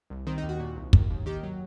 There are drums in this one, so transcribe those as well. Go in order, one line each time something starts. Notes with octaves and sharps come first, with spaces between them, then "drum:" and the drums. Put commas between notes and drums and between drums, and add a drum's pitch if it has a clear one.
C2
D#3 C4
D#4
D#2
F#4
A#2
C2
D#2, drum: kick
D#2
D#3 G4
F#3